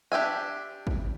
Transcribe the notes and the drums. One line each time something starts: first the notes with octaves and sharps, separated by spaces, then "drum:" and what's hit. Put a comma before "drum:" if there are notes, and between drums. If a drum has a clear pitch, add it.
D4 G4 E5 G#5
drum: kick